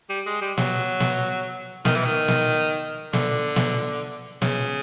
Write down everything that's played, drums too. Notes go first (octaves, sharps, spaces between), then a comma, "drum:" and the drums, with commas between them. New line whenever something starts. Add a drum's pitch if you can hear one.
G3
G#3
G3
F#3, drum: snare
drum: snare
D#3, drum: snare
E3
D#3
drum: snare
D3, drum: snare
drum: snare
C#3, drum: snare